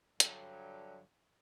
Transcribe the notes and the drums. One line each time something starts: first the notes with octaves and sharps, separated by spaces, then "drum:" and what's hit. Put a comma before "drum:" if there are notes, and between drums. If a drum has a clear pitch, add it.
G2 D3 F#3, drum: hi-hat